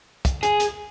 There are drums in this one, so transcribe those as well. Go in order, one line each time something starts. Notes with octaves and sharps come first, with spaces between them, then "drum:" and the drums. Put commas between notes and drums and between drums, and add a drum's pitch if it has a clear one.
drum: kick, hi-hat
G#4, drum: hi-hat
drum: hi-hat